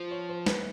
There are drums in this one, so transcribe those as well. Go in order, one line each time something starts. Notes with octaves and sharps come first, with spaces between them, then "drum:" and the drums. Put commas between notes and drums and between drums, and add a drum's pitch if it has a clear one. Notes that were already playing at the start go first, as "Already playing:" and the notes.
Already playing: F3 C5
C#5
C5
B4, drum: snare